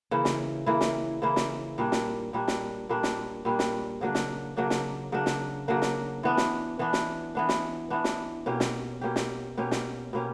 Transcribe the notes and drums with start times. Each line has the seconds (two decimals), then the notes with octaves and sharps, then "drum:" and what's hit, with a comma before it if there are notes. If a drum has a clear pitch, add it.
0.11 C#3 E3 A#3 E4
0.25 drum: snare
0.66 C#3 E3 A#3 E4
0.81 drum: snare
1.22 C#3 E3 A#3 E4
1.36 drum: snare
1.78 A#2 G3 A#3 D4
1.92 drum: snare
2.33 A#2 G3 A#3 D4
2.48 drum: snare
2.89 A#2 G3 A#3 D4
3.03 drum: snare
3.45 A#2 G3 A#3 D4
3.59 drum: snare
4.01 C#3 F#3 A#3 D4
4.15 drum: snare
4.57 C#3 F#3 A#3 D4
4.70 drum: snare
5.12 C#3 F#3 A#3 D4
5.26 drum: snare
5.68 C#3 F#3 A#3 D4
5.82 drum: snare
6.23 E3 B3 D4
6.37 drum: snare
6.79 E3 B3 D4
6.93 drum: snare
7.35 E3 B3 D4
7.49 drum: snare
7.90 E3 B3 D4
8.04 drum: snare
8.46 B2 A#3 C#4 G4
8.60 drum: snare
9.01 B2 A#3 C#4 G4
9.16 drum: snare
9.58 B2 A#3 C#4 G4
9.71 drum: snare
10.13 B2 A#3 C#4 G4